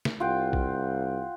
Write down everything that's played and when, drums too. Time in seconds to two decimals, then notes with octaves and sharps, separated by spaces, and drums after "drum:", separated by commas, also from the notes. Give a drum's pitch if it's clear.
0.05 drum: snare
0.20 C2 F4 F#5 G5
0.53 drum: kick